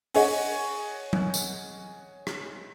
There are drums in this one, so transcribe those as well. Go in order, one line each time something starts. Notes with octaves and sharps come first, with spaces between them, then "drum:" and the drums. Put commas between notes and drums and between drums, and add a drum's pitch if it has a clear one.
G#4 C#5 D#5 F#5 G#5, drum: open hi-hat
drum: tom F#3
drum: tambourine
drum: rim click